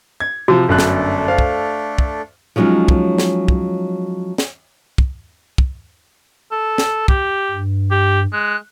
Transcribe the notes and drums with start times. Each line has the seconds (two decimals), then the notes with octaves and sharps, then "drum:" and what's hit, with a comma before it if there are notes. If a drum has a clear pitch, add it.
0.20 G#6
0.48 C3 F3 F#4
0.69 G1 F#2 A3 D4 A4 F#6
0.79 drum: snare
1.28 C5 F5
1.38 drum: kick
1.98 drum: kick
2.56 F3 F#3 G#3 C#4 D#4
2.88 drum: kick
3.18 drum: snare
3.48 drum: kick
4.38 drum: snare
4.98 drum: kick
5.58 drum: kick
6.51 A4
6.78 drum: snare
7.08 G4, drum: kick
7.51 G2
7.91 G4
8.32 G#3 F#6